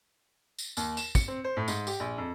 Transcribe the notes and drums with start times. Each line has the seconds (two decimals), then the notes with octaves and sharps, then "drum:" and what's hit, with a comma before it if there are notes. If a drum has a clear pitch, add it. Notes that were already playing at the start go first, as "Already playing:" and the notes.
0.59 drum: tambourine
0.77 D#2, drum: tambourine
0.97 E7, drum: tambourine
1.15 C#7, drum: kick, tambourine
1.28 C4
1.44 C5
1.57 A2
1.68 G#2, drum: tambourine
1.87 G4, drum: tambourine
2.00 A#1
2.18 F2